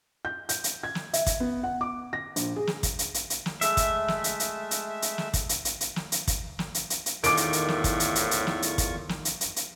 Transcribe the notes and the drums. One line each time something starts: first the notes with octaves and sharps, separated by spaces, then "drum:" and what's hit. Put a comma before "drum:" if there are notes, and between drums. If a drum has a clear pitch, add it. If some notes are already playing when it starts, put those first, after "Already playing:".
G6
G6, drum: hi-hat
drum: hi-hat
G#6
drum: snare
E5, drum: hi-hat
drum: kick, hi-hat
B3
F#5
D6
A#6
A#1, drum: hi-hat
G#4
drum: snare
drum: kick, hi-hat
drum: hi-hat
drum: hi-hat
drum: hi-hat
drum: snare
G#3 A3 E5, drum: hi-hat
drum: kick, hi-hat
drum: snare
drum: hi-hat
drum: hi-hat
drum: hi-hat
drum: hi-hat
drum: snare
drum: kick, hi-hat
drum: hi-hat
drum: hi-hat
drum: hi-hat
drum: snare
drum: hi-hat
drum: kick, hi-hat
drum: snare
drum: hi-hat
drum: hi-hat
drum: hi-hat
E2 A2 D#3 F4 C#6 D6 D7, drum: hi-hat
drum: hi-hat
drum: hi-hat
drum: snare
drum: kick, hi-hat
drum: hi-hat
drum: hi-hat
drum: hi-hat
drum: snare
drum: hi-hat
drum: kick, hi-hat
drum: snare
drum: hi-hat
drum: hi-hat
drum: hi-hat